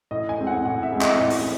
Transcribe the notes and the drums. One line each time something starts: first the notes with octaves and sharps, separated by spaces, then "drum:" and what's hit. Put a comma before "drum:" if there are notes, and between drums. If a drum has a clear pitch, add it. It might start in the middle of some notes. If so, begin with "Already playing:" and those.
A2 D#5
G#5
G#3 C4
F#5
A2 F#5
E5
G#3 C4
D#5, drum: clap
A2
drum: open hi-hat